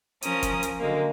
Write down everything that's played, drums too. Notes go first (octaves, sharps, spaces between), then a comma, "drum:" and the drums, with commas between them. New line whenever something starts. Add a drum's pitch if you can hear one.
F3 C#4 A#4 D#6, drum: hi-hat
drum: kick, hi-hat
drum: hi-hat
D3 F#3 G#3 A#3